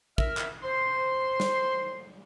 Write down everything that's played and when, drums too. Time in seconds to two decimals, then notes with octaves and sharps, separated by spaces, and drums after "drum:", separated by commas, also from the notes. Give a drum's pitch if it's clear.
0.18 A#4 E5 F6, drum: kick
0.37 drum: clap
0.63 C5 C6
1.40 drum: snare